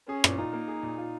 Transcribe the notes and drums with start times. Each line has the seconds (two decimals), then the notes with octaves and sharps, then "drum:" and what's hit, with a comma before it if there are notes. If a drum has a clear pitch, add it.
0.08 C#4 G#4
0.24 A#2, drum: rim click
0.38 D#4 F4
0.53 A#3
0.68 G#4
0.83 A#2
0.98 F4